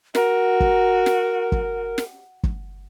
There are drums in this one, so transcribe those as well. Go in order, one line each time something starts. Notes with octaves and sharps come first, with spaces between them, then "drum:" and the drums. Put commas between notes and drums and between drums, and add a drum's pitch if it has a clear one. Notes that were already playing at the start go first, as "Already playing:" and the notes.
F#4 A#4, drum: snare
drum: kick
drum: snare
drum: kick
drum: snare
drum: kick